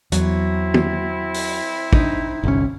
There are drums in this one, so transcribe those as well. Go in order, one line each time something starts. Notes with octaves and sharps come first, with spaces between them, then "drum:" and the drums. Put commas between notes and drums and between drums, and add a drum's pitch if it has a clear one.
E2 F#3 C4 E4, drum: hi-hat
drum: tom
drum: open hi-hat
D4 D#4, drum: kick
G1 C2 C#4